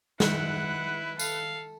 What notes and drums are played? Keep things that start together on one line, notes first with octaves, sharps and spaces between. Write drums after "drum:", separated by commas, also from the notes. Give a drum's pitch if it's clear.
D#3 E4 B4 F#5, drum: snare
A4 F5, drum: tambourine